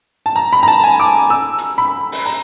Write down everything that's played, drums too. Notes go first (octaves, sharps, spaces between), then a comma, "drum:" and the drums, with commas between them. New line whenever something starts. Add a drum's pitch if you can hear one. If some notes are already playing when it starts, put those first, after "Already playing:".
A5
A#5
B5
A#5
A5
G#5
D6
E6
drum: hi-hat
B5
drum: open hi-hat
A#5